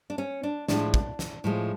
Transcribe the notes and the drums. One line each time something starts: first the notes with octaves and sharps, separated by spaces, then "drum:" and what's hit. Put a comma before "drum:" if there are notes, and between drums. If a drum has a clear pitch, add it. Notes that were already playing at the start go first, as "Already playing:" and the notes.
D4
C#4
D4
A2 F3 G#3 D4, drum: snare
drum: kick
drum: snare
A2 F3 G#3